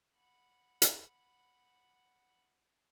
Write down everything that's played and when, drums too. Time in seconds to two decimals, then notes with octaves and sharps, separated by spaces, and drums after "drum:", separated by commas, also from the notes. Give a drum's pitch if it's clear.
0.15 F#5 B5
0.82 drum: hi-hat